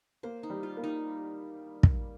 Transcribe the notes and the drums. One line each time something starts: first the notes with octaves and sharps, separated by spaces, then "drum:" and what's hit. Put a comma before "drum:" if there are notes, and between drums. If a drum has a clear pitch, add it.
A#3 C5
D#4
G3
F4
A#3
D#4
drum: kick